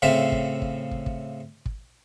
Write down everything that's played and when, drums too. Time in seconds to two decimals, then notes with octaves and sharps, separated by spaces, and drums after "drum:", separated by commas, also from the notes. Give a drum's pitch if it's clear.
0.02 A2 C#3 C4 E5 F5
0.32 drum: kick
0.62 drum: kick
0.91 drum: kick
1.06 drum: kick
1.66 drum: kick